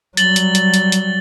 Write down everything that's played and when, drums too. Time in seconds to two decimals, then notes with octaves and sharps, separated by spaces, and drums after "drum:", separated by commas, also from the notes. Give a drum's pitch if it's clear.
0.17 F#3 G3 A6 F#7 G7, drum: hi-hat
0.36 drum: hi-hat
0.55 drum: hi-hat
0.74 drum: hi-hat
0.92 drum: hi-hat